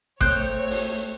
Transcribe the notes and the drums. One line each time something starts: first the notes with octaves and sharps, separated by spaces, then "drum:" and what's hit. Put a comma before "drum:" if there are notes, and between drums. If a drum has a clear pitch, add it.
A3 C4 C#5 F#6 G6, drum: kick G#1
drum: open hi-hat